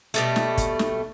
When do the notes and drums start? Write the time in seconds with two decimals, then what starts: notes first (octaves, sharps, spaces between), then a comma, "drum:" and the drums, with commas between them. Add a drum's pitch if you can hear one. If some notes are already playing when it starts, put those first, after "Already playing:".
0.14 B2 G3 A3, drum: hi-hat
0.36 drum: snare
0.58 drum: kick, hi-hat
0.79 drum: snare